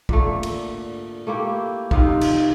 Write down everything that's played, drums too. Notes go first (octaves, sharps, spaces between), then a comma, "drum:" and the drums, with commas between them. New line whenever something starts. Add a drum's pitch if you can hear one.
A#2 D3 A3, drum: kick
drum: cymbal
A3 A#3 E4 G4
C3 D#3 D#4 F4, drum: kick
drum: cymbal